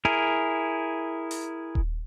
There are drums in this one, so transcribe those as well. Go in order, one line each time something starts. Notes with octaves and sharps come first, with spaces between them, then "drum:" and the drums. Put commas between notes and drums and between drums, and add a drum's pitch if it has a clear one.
E4 G#4 A#4
drum: open hi-hat
drum: kick D#1